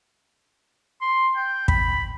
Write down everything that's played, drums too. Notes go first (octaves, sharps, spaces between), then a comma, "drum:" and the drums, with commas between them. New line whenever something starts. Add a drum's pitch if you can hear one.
C6
G5
B5, drum: kick